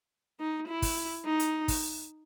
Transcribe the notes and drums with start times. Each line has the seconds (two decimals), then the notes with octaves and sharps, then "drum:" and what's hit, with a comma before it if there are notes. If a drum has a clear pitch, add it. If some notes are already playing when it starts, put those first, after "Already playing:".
0.39 D#4
0.68 E4
0.82 drum: kick, open hi-hat
1.25 D#4
1.40 drum: hi-hat
1.68 drum: kick, open hi-hat